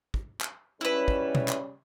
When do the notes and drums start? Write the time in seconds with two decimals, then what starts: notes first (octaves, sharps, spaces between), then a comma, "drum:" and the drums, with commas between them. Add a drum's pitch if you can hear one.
0.14 drum: kick
0.41 drum: clap
0.81 G#2 G3 C#4 E4 B4
1.08 drum: kick
1.35 drum: tom B2
1.48 drum: clap